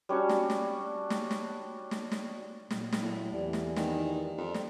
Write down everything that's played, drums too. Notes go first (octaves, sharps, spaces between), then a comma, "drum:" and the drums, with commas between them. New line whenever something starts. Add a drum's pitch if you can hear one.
G3 C#4 D4 F#4
drum: snare
drum: snare
drum: snare
drum: snare
drum: snare
drum: snare
A#2 F#3, drum: snare
drum: snare
A2 A3 E4
E2 E3 G4 D5
drum: snare
D#3, drum: snare
F2
drum: snare